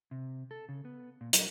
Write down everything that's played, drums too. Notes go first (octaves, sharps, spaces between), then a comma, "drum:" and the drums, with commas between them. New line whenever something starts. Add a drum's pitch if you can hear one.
C3
A4
C#3
B3
A#2
F#3, drum: hi-hat